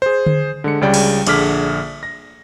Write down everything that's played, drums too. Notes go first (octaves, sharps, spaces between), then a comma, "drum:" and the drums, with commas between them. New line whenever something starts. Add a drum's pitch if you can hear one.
G#4 C5
drum: tom D3
D3 G#3 C#7
C#2 C#3 G3 D5 G5
drum: cymbal
A#1 D3 G#4 D6 F6 B6, drum: cymbal
A#6